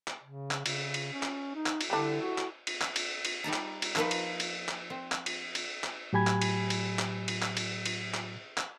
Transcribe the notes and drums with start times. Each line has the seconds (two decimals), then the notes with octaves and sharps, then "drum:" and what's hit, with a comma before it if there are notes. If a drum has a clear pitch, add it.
0.08 drum: clap
0.24 C#3
0.51 drum: clap
0.66 C#3, drum: cymbal
0.94 drum: cymbal
1.13 C#4
1.23 drum: clap
1.55 D#4
1.66 drum: clap
1.81 drum: cymbal
1.90 D3 G3 D4 E4 A4
2.21 F#4
2.38 drum: clap
2.67 drum: cymbal
2.81 drum: clap
2.96 drum: cymbal
3.25 drum: cymbal
3.44 G3 D#4 A5 A#5
3.53 drum: clap
3.82 drum: cymbal
3.96 F3 A#3 D#4 B4, drum: clap
4.11 drum: cymbal
4.40 drum: cymbal
4.69 drum: clap
4.90 C4
5.12 drum: clap
5.26 drum: cymbal
5.55 drum: cymbal
5.84 drum: clap
6.13 A2 F#3 G4 G#5 B5 G#6
6.27 drum: clap
6.42 drum: cymbal
6.70 drum: cymbal
6.99 drum: clap
7.28 drum: cymbal
7.42 drum: clap
7.57 drum: cymbal
7.86 drum: cymbal
8.14 drum: clap
8.58 drum: clap